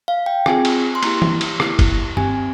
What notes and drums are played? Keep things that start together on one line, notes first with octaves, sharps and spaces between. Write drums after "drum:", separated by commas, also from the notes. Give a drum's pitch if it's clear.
F5
G5
C4 F4 G#4 G#5, drum: rim click
drum: cymbal
C6
A#3 E4 G4 A#5, drum: cymbal
drum: tom E3
drum: cymbal
A#3 E4 G4, drum: rim click
drum: kick F#1, cymbal
C4 G4 G#5, drum: tom G2